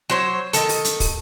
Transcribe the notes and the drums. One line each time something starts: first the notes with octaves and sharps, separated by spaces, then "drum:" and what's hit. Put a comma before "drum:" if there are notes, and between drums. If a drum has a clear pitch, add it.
F#3 C5 C#5
D#3 A4, drum: hi-hat
drum: open hi-hat
drum: hi-hat
drum: kick, open hi-hat